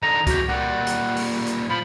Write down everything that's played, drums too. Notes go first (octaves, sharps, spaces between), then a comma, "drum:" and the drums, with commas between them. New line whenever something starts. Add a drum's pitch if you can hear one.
D3 D#4 A#5
E2 F#4 G4, drum: kick C#2, hi-hat
A#2 G3 F#5
drum: hi-hat
drum: open hi-hat
drum: hi-hat
F3 B5